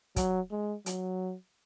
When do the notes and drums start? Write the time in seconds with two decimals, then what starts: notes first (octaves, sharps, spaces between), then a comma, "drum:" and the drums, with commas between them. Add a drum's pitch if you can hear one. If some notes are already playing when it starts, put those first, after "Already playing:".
0.16 F#3, drum: kick, hi-hat
0.51 G#3
0.86 F#3, drum: hi-hat